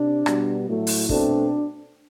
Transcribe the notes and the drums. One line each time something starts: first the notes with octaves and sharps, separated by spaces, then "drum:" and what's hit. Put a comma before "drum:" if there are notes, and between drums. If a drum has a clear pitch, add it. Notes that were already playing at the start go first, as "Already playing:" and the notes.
Already playing: C3 D4
B2 G3 B3, drum: rim click
A2 F#3 A3
drum: open hi-hat
B2 A3 C4 D4, drum: kick